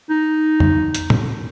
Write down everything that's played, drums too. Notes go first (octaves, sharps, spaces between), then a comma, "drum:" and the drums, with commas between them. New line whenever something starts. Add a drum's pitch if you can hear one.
D#4
drum: tom
drum: hi-hat
drum: tom